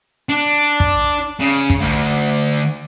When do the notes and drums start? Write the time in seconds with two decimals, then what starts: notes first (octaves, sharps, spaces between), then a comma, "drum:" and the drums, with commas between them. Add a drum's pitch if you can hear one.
0.29 D4
0.80 drum: kick
1.40 C#3
1.70 drum: kick
1.80 D2